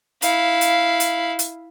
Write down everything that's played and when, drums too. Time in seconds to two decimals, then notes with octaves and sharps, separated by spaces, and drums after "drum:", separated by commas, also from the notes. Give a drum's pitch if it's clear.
0.22 E4 F5, drum: hi-hat
0.61 drum: hi-hat
1.00 drum: hi-hat
1.39 drum: hi-hat